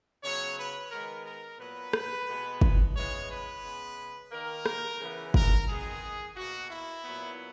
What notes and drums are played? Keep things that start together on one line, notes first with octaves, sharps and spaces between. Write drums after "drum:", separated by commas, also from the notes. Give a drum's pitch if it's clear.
C#3 F#3 B3 C#5
B4
D#3 G#3 B3 A#4
A#4
A#2 F#3 B3 B4
drum: rim click
B2 G#3 B3
drum: kick
C#3 E3 G#3 B3 C#5
B4
C#3 G#3 B3
D#3 A#3 A#4
drum: rim click
C#3 E3 B3
A#4, drum: kick
D#3 G#3 B3 G#4
B2 A#3 F#4
E4
A#2 F#3 B3